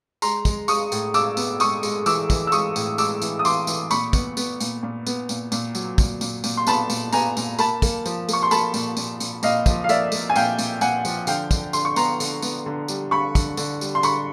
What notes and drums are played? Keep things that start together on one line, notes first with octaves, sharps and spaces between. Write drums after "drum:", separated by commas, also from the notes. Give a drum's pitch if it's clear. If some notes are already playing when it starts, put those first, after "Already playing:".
G#3 A#5 C6, drum: tambourine
G#3, drum: kick, tambourine
G#3 C#6 D#6, drum: tambourine
A2, drum: tambourine
G#3 D6 E6, drum: tambourine
B3, drum: tambourine
G#3 C#6 D#6, drum: tambourine
G#3, drum: tambourine
E3 D6 E6, drum: tambourine
E3, drum: kick, tambourine
E6
G#3 C#6 D#6, drum: tambourine
A2, drum: tambourine
G#3 D6 E6, drum: tambourine
E3, drum: tambourine
D#6
E3 C6 D6, drum: tambourine
E3, drum: tambourine
A#2 B5 C#6, drum: tambourine
B3, drum: kick, tambourine
B3, drum: tambourine
A#2, drum: tambourine
A#2
B3, drum: tambourine
A#2, drum: tambourine
A#2, drum: tambourine
F#3, drum: tambourine
A#2, drum: kick, tambourine
A#2, drum: tambourine
A#2, drum: tambourine
C6
B3 A5 B5, drum: tambourine
A#2, drum: tambourine
B3 G#5 A#5, drum: tambourine
A#2, drum: tambourine
A#3 A5 B5, drum: tambourine
A#3, drum: kick, tambourine
F3, drum: tambourine
A#3 C#6, drum: tambourine
C6
A#3 A5 B5, drum: tambourine
A#2, drum: tambourine
A#2, drum: tambourine
A#2, drum: tambourine
A#2 D#5 F5, drum: tambourine
F3, drum: kick, tambourine
F5
A#3 D5 E5, drum: tambourine
A#3, drum: tambourine
G#5
A#2 F5 G5, drum: tambourine
A#2, drum: tambourine
A#2 F#5 G#5, drum: tambourine
F3, drum: tambourine
D3 F5 G5, drum: tambourine
D3, drum: kick, tambourine
D3 C6, drum: tambourine
C#6
B3 A#5 C6, drum: tambourine
D3, drum: tambourine
B3, drum: tambourine
D3
G3, drum: tambourine
D3 B5 C#6
D3, drum: kick, tambourine
D3, drum: tambourine
G3, drum: tambourine
C6
D3 B5 C#6, drum: tambourine